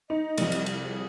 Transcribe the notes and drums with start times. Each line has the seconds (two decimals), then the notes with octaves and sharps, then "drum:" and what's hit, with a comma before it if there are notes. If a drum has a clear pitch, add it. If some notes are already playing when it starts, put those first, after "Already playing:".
0.10 D#4 D#5
0.38 C2 F2, drum: cymbal
0.52 drum: cymbal
0.66 drum: cymbal
0.81 G#4